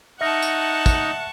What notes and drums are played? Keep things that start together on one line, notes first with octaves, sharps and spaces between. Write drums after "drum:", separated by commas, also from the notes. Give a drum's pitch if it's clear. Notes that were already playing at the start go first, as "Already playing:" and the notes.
D#4 E5 F#5 A5 C#6 F6 A#6
drum: tambourine
drum: kick, tambourine